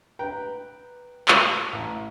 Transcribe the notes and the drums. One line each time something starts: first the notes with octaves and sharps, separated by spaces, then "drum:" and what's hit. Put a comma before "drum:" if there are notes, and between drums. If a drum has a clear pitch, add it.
B4 G5 A#5
drum: clap
A1